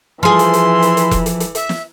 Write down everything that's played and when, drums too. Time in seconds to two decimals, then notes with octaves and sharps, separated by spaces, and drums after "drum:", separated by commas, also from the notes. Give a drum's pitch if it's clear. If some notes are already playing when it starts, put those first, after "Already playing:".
0.23 E3 F3 G#4 C6
0.39 drum: hi-hat
0.53 drum: hi-hat
0.82 drum: hi-hat
0.97 drum: hi-hat
1.11 drum: kick E1, hi-hat
1.26 drum: hi-hat
1.40 drum: hi-hat
1.55 E5, drum: hi-hat
1.69 drum: snare